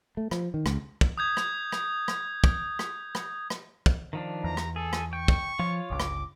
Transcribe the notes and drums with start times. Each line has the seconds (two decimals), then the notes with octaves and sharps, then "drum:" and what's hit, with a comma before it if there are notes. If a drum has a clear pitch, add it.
0.17 A3
0.31 F3, drum: rim click
0.54 D#3
0.66 C#2, drum: rim click
1.01 drum: kick
1.18 D#6 G6 G#6
1.37 drum: rim click
1.72 drum: rim click
2.08 drum: rim click
2.44 drum: kick
2.79 drum: rim click
3.15 drum: rim click
3.50 drum: rim click
3.86 drum: kick
4.13 D#3 F3 D4
4.44 E2 A#5
4.57 drum: rim click
4.76 G#4 A4
4.93 drum: rim click
5.13 G5 C#6
5.28 drum: kick
5.59 F3 F4 C#5
5.90 G1 C#2 D6
6.00 drum: rim click